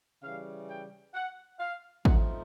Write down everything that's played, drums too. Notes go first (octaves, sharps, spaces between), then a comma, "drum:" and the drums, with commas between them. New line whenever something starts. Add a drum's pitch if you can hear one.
C#3 E3 G3 F5
G5
F#5
F5
F3 A3 C4 D#4 F#5, drum: kick